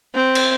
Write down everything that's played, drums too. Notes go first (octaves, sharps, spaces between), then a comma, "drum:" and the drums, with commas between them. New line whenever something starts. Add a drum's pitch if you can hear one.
C4
drum: cymbal